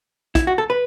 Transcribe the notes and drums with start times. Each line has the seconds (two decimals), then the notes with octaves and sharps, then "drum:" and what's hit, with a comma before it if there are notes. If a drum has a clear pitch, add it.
0.35 E4, drum: kick, hi-hat
0.47 F#4
0.58 A4
0.70 B4